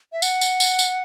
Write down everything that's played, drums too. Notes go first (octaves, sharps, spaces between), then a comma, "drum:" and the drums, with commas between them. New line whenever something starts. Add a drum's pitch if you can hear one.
E5
F#5, drum: tambourine
drum: tambourine
drum: tambourine
drum: tambourine